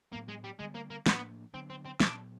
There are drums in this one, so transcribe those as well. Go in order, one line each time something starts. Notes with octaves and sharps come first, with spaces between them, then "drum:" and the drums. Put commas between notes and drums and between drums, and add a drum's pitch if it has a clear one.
A2 F#3 A#3 B3 D4
G#3
G3
D3 G3 G#3 B3
A#3
A#3
A2 F3 A#3 B3 D4, drum: snare
D3 F#3 B3 C4 D4
C4
C4
A#2 F#3 B3 D4, drum: snare